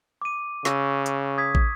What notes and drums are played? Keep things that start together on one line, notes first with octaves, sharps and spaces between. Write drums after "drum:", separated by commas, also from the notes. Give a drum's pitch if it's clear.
D6 D#7
C#3 C#6 E6 A#6, drum: snare
drum: hi-hat
D#6 G#6 B6
drum: kick